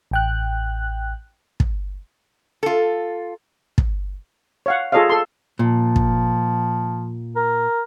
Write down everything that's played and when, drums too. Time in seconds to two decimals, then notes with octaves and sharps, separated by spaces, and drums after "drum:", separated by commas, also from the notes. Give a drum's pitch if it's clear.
0.11 A1 G5 F#6
1.60 drum: kick
2.63 F4 A4
3.78 drum: kick
4.66 C#5 F5 F#5
4.92 F4 G#4 A4 C#5 D#5 F5
5.09 A4 C6
5.59 A#2 F3
5.96 drum: kick
7.36 A#4